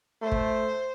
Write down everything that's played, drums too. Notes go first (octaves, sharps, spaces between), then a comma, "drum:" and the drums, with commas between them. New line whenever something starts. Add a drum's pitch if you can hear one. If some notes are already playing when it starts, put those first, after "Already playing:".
A3 C5
drum: kick